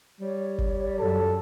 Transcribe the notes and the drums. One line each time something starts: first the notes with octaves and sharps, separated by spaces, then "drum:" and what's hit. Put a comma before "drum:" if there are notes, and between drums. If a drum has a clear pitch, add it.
G3 C#5
drum: kick G1
F#2 A4